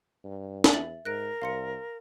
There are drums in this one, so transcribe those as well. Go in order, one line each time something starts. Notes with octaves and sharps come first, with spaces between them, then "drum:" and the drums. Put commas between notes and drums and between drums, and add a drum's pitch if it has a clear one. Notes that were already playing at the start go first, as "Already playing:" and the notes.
G2
drum: snare
E2 E5 A6 F#7
G#2 A#4 F#6 A#6 D7
C2 F5 C6 C#7